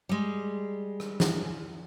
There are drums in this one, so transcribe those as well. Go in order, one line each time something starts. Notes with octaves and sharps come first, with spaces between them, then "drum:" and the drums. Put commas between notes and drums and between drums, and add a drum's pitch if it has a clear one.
G3 G#3
drum: rim click
drum: snare